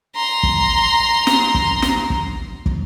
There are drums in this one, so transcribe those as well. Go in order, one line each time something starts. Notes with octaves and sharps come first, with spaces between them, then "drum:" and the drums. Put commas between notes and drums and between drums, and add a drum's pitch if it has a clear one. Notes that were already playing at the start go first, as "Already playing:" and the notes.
A#5 C6
drum: kick
drum: snare
drum: kick
drum: snare
drum: kick
drum: kick